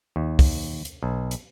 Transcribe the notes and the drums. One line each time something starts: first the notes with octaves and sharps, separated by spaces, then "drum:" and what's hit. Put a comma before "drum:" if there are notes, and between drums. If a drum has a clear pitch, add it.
D#2
drum: kick, open hi-hat
drum: hi-hat
B1
drum: hi-hat